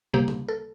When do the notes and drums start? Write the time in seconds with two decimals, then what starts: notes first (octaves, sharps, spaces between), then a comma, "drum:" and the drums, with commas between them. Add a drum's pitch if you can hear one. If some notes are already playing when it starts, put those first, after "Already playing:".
0.13 C3 G3 A#3 G4
0.28 drum: tom C3
0.48 A4